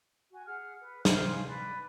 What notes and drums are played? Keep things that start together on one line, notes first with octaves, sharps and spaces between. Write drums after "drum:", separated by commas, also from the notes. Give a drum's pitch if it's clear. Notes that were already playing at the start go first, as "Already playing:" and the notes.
F#4 G#5
G#4 F#5 F6
B4
C5 E5 G5 F6, drum: snare
F5 G#5 C6
B4 D5